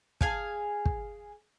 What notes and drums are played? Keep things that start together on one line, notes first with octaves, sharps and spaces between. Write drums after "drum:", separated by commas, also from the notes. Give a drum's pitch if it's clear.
G#4 F5 G#5, drum: kick
drum: kick